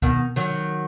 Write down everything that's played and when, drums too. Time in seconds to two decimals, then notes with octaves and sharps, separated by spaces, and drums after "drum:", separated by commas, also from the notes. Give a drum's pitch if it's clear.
0.02 B2 D#3, drum: kick
0.36 D#3 F#3